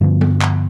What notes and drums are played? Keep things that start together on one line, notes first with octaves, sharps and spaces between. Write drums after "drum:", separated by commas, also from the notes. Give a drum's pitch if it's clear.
G2 D3 F3 B3
drum: tom F3
drum: clap